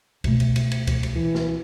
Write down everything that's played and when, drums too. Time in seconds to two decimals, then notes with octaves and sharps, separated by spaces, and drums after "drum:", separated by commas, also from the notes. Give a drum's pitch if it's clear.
0.24 B2 A3, drum: kick C#2, cymbal
0.40 drum: cymbal
0.56 drum: cymbal
0.72 drum: cymbal
0.87 drum: kick C#2, cymbal
1.03 drum: cymbal
1.15 E3
1.35 drum: snare